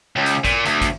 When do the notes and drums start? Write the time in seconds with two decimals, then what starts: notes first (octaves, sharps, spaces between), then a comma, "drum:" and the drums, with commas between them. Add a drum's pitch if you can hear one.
0.16 C#2
0.26 drum: hi-hat
0.45 A#2, drum: kick, hi-hat
0.65 D2, drum: hi-hat
0.81 drum: kick, hi-hat